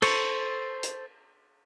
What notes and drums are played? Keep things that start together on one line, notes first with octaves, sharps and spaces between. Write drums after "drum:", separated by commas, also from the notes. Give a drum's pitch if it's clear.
A4 C5 C#6, drum: cymbal
drum: hi-hat